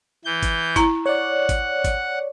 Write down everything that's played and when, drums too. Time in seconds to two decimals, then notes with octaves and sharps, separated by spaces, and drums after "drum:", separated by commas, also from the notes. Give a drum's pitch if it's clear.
0.25 E3 G6
0.43 drum: kick G#1, hi-hat
0.76 E4 A#5, drum: kick G#1, hi-hat
1.06 C#5 D5 F#5
1.49 drum: kick G#1, hi-hat
1.84 drum: kick G#1, hi-hat